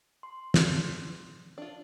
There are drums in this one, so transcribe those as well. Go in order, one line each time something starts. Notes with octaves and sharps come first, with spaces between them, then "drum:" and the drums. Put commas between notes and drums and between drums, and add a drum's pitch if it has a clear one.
C6
drum: snare
D4 F4